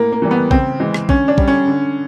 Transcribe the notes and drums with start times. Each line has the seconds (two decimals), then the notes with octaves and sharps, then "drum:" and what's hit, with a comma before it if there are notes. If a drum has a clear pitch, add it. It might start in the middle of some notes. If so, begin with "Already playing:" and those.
Already playing: A2 A#3
0.12 A#3
0.22 E3 G3
0.31 B3
0.51 C#3 C4, drum: kick A#1
0.80 E3 G#3
0.94 drum: rim click
1.09 D3 C#4, drum: kick A#1
1.28 D4
1.38 G3, drum: kick A#1
1.48 C#4
1.68 D3